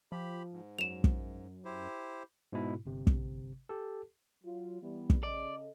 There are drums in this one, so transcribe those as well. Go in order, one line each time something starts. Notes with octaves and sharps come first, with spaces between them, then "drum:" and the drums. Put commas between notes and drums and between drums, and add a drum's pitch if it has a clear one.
F3 G4 B5
G#2
F#2 E7 F7
drum: kick
E4 G4 C5
G#2 B2 E4
G1 C3
drum: kick
G4 A4
F#3 F4
E3 G3 B3
drum: kick
C#3 A4 D5 D#5